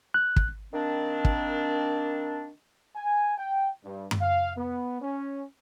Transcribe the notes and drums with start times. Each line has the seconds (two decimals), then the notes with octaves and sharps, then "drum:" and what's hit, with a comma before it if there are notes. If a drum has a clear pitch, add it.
0.14 F#6
0.36 drum: kick
0.73 D#3 A#3 C4 D4
1.25 drum: kick
2.96 G#5
3.38 G5
3.84 G2
4.11 drum: tom F#2
4.21 F5
4.57 B3
5.02 C#4